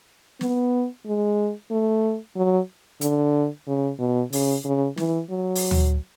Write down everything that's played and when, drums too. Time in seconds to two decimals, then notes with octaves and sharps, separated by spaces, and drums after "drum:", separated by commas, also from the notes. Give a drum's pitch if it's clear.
0.41 B3, drum: snare
1.06 G#3
1.71 A3
2.36 F#3
3.01 D3, drum: hi-hat
3.67 C#3
3.99 B2
4.33 C#3, drum: open hi-hat
4.65 C#3
4.97 E3, drum: snare
5.30 F#3
5.55 drum: open hi-hat
5.71 drum: tom D2